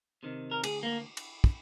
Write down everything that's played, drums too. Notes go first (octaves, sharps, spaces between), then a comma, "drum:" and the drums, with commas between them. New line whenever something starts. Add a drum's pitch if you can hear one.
C3 D#3
A#4
D2 G#4, drum: cymbal
A#3
drum: cymbal
drum: kick